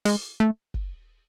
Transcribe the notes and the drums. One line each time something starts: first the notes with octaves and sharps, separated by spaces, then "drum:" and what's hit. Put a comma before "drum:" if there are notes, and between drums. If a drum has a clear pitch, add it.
G#3, drum: open hi-hat
A3
drum: kick